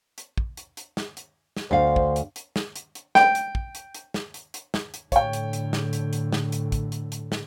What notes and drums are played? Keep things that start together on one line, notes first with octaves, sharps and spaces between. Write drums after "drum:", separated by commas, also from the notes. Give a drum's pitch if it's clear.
drum: hi-hat
drum: kick
drum: hi-hat
drum: hi-hat
drum: snare
drum: hi-hat
drum: snare
D2 C5 F5
drum: kick
drum: hi-hat
drum: hi-hat
drum: snare
drum: hi-hat
drum: hi-hat
G5, drum: snare
drum: hi-hat
drum: kick
drum: hi-hat
drum: hi-hat
drum: snare
drum: hi-hat
drum: hi-hat
drum: snare
drum: hi-hat
A2 D3 C#5 G5, drum: kick, hi-hat
drum: hi-hat
drum: hi-hat
drum: snare
drum: hi-hat
drum: hi-hat
drum: snare
drum: hi-hat
drum: kick, hi-hat
drum: hi-hat
drum: hi-hat
drum: snare